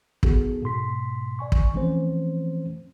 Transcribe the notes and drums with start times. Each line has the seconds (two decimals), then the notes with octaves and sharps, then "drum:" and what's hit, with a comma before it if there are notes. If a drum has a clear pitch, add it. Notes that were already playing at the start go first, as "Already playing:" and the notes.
0.23 B3 D#4 F#4 G#4 A4, drum: kick
0.62 G#2 B2 C6 B6
1.39 D5 G#5 C#6
1.52 drum: kick
1.74 E3 F3 A3 C4 C#4 C5